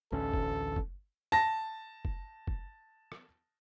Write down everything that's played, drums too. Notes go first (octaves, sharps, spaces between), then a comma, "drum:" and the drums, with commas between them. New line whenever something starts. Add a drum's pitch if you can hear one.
A1 D2 C#4 A4
drum: kick
drum: kick
A5 A#6
drum: kick
drum: kick
drum: rim click